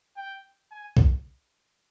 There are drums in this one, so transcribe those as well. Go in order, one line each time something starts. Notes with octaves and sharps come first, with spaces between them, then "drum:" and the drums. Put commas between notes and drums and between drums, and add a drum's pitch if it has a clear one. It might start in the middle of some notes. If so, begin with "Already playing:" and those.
G5
G#5
drum: kick B1